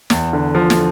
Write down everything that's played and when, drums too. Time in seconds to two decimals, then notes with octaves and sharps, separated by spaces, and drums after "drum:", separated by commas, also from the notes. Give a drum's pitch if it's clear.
0.10 E2, drum: snare
0.33 D3
0.55 F3
0.70 drum: snare